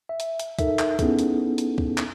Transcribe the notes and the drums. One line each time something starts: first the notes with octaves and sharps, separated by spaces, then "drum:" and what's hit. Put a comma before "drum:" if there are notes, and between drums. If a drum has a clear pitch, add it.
E5
drum: hi-hat
drum: hi-hat
D#4 A4 A#4 E5, drum: kick, hi-hat
drum: clap
B3 C#4 D#4 E4 G#4 A4, drum: kick, hi-hat
drum: hi-hat
drum: hi-hat
drum: kick
drum: clap